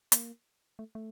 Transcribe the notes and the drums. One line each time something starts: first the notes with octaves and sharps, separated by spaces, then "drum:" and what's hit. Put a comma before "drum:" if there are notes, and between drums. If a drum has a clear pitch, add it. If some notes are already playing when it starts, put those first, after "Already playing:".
A#3, drum: hi-hat
A3
A3